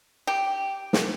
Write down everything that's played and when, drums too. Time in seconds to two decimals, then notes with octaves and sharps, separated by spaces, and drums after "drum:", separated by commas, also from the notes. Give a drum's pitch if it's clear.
0.27 G4
0.93 drum: snare